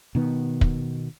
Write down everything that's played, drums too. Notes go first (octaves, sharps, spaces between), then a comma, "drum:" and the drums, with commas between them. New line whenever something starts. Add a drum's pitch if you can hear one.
B2 D#3 B3
drum: kick